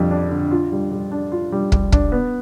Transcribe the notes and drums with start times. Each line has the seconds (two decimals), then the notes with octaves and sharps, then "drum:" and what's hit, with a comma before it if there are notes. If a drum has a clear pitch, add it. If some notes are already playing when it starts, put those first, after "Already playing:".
Already playing: F2 D3 G3
0.11 D4
0.30 D3
0.51 F4
0.72 G3
0.91 G3
1.11 D4
1.32 F4
1.52 G3
1.72 G3, drum: kick
1.92 D4, drum: kick
2.12 B3